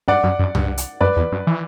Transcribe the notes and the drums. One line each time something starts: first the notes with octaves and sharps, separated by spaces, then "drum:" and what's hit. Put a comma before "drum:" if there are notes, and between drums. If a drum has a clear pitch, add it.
G2 D5 F#5
F#2
F#2
G2, drum: tom
drum: hi-hat
F#2 B4 D5
E2
F#2
E3